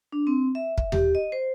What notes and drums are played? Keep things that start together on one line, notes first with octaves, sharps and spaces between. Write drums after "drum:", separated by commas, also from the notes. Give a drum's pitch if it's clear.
D4
C4
E5
E5, drum: kick
G4, drum: tom D#2
D#5
C5